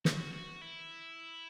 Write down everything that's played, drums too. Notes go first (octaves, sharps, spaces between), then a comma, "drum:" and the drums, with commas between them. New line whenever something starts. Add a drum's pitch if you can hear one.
F#4, drum: snare
F#4
E4